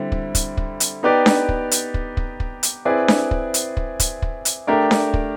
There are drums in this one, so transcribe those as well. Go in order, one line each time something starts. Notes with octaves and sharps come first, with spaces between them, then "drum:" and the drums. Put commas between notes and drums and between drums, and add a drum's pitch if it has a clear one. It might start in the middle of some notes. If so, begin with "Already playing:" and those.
Already playing: D3 G3 C4 E4
drum: kick
drum: kick, hi-hat
drum: kick
drum: hi-hat
B3 D#4 G4 B4 D5
drum: snare D4
drum: kick
drum: hi-hat
drum: kick
drum: kick
drum: kick
drum: hi-hat
C4 E4 G#4 B4 D5
drum: snare D4
drum: kick
drum: hi-hat
drum: kick
drum: kick, hi-hat
drum: kick
drum: hi-hat
A3 D4 G4 A#4 D5
drum: snare D4
drum: kick